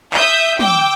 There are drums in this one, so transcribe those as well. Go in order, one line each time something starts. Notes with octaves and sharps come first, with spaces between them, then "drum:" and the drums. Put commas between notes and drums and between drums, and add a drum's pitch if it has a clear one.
E5 D#6 G6, drum: clap
G5 D6 E6, drum: tom